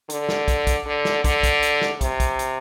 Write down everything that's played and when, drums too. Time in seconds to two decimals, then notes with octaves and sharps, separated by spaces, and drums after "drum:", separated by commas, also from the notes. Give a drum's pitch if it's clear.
0.10 D3, drum: hi-hat
0.29 drum: snare
0.48 drum: kick, hi-hat
0.67 drum: kick, hi-hat
0.86 D3
1.05 drum: snare
1.24 D3, drum: kick, hi-hat
1.43 drum: kick, hi-hat
1.62 drum: hi-hat
1.82 drum: snare
2.01 C3, drum: kick, hi-hat
2.20 drum: kick, hi-hat
2.39 drum: hi-hat